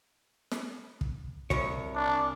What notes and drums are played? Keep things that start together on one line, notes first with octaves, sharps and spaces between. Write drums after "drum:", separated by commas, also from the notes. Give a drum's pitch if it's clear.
drum: snare
drum: kick
C2 C#5, drum: kick
D4